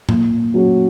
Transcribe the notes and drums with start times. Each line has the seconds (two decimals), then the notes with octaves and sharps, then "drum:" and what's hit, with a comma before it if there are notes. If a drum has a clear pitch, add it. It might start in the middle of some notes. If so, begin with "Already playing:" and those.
0.09 A#2, drum: tom A2
0.54 F#3 C#4 F#4